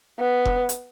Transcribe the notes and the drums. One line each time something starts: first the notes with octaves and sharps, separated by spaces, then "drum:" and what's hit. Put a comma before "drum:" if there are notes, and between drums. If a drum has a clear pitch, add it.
B3
drum: kick F1
drum: hi-hat